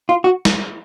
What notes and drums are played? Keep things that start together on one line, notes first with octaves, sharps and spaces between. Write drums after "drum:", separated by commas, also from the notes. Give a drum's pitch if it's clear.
F4
F#4
drum: snare